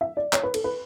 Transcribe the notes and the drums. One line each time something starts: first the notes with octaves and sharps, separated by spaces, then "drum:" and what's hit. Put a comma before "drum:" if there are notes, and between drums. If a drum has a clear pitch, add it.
E5
D5
C#5, drum: clap
B4
A4, drum: cymbal
B4